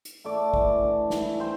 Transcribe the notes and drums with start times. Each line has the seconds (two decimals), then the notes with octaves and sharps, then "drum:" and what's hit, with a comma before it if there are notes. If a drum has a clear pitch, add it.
0.05 drum: hi-hat
0.25 A3 D5
0.54 E3, drum: kick
0.83 D4
1.10 E3, drum: snare
1.40 G3 C5